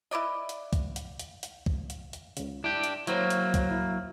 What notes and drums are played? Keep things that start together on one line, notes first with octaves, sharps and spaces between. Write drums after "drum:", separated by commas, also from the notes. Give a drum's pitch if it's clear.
E4 B4 D5 D#5
drum: hi-hat
drum: kick, hi-hat
drum: hi-hat
drum: hi-hat
drum: hi-hat
drum: kick
drum: hi-hat
drum: hi-hat
C#2 C#3, drum: hi-hat
D4 E4 G4
drum: hi-hat
F#3 A#3 E4 C5 C#5, drum: hi-hat
drum: hi-hat
drum: kick, hi-hat
E4